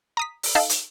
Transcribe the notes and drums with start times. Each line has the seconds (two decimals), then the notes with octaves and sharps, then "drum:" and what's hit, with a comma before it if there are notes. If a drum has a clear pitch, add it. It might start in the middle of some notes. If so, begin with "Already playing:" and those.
0.17 A#5 D#6 B6
0.43 drum: open hi-hat
0.55 D#4 A4 F5
0.69 drum: hi-hat